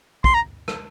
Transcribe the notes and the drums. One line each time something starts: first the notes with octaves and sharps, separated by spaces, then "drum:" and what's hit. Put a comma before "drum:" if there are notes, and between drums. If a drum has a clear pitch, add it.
C6, drum: kick
A#5
drum: rim click